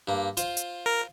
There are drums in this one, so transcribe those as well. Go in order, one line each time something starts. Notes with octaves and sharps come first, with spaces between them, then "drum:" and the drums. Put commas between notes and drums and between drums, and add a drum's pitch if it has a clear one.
G2 A#3
F4 C5, drum: hi-hat
drum: hi-hat
A#4